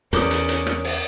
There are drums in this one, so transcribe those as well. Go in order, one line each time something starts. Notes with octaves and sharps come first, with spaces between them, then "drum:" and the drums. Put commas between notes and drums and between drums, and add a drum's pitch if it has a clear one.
E2 C#4 A#4 D5 D6 D#6, drum: hi-hat
drum: hi-hat
drum: hi-hat
drum: rim click
drum: open hi-hat